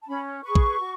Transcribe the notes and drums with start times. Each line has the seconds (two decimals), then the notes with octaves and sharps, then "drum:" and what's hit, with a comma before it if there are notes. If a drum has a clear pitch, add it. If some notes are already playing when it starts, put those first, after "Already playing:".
0.02 A5
0.08 C#4 B5
0.43 G#4 B4 C#6
0.55 drum: kick
0.80 F#4